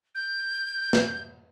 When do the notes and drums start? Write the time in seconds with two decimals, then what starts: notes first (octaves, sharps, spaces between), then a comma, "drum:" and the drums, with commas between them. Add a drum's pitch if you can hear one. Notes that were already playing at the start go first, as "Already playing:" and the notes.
0.15 G6
0.93 drum: snare